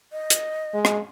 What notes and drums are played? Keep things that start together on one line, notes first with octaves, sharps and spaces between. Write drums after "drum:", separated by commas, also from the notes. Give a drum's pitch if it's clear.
D#5
drum: hi-hat
G#3
drum: rim click